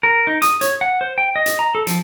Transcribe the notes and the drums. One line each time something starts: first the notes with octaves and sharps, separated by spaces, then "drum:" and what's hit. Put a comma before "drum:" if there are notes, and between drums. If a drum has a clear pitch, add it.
A#4
D#4
D#6, drum: hi-hat
C#5, drum: hi-hat
F#5
C5
G5
D#5
drum: hi-hat
A#5
A4
F3, drum: hi-hat